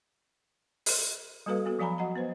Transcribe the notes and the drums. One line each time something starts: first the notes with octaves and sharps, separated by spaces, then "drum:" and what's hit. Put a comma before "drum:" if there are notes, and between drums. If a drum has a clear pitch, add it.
drum: open hi-hat
G3 A#3 F#4 A4 B4 F5
B3 F#4 A4
F3 F#3 F5 G#5 A#5 B5
F#4 D#5 F#5 A#5
B3 B4 C5